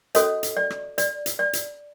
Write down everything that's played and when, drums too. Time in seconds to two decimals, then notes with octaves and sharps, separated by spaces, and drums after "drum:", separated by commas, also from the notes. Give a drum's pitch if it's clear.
0.15 C#4 F#4 A4 C#5 D#5, drum: hi-hat
0.43 drum: hi-hat
0.57 D5
0.70 drum: rim click
0.98 D5, drum: hi-hat
1.26 drum: hi-hat
1.39 D5
1.53 drum: hi-hat